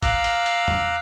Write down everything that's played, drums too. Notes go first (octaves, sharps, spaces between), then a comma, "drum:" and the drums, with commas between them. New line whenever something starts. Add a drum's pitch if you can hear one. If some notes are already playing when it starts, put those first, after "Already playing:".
F5 A#5 D6 E6 F#6, drum: kick A1, hi-hat
drum: hi-hat
drum: hi-hat
drum: tom E2